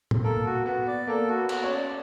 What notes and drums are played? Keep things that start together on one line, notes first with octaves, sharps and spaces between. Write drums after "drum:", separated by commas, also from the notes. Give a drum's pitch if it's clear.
drum: tom
A#3 A4 A#4
F#4
B3 F#4 B4
D5
A#3 A4 A#4
F#4
B3 B4
F#4, drum: cymbal
C#4 C#5
D5